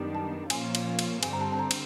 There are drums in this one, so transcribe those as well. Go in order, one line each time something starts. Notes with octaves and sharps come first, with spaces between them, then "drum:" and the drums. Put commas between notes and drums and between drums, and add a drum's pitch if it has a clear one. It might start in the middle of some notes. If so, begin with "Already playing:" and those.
Already playing: F#2 D#3 G3 B3 D4
A5
A#2 F3 A#3 C#4 F4 G#5, drum: cymbal
drum: cymbal
drum: cymbal
G2 D3 G3 C4 G#5, drum: cymbal
A#5
A5
A5
A#5
drum: cymbal